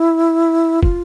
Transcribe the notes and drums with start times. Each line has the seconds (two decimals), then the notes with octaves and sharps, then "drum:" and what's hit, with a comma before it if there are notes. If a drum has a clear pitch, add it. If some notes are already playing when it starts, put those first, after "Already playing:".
Already playing: E4
0.83 F4, drum: kick